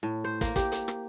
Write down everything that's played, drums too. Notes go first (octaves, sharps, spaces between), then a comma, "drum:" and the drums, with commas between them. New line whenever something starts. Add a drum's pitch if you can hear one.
A2
C5
A#3, drum: kick, hi-hat
G4, drum: kick, hi-hat
drum: hi-hat
drum: rim click